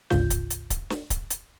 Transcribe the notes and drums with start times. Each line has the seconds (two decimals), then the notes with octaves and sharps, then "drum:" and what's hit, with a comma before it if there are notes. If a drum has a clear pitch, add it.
0.10 G#1 D2 G#2 C#3 F4 G6, drum: snare
0.30 drum: kick D1, hi-hat
0.50 drum: hi-hat
0.70 drum: kick D1, hi-hat
0.90 drum: snare
1.10 drum: kick D1, hi-hat
1.30 drum: hi-hat